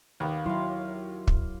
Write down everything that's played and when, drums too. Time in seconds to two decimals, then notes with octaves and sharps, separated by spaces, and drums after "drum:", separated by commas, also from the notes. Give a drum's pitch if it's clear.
0.20 D#2 A#3 B3 B5
0.46 F#3 E4 F5 C6
1.27 drum: kick